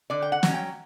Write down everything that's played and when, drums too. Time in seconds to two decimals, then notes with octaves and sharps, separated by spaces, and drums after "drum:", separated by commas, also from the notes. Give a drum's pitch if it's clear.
0.10 D3 D5
0.22 G5
0.32 F#5
0.43 F#3 C#4, drum: snare
0.54 G5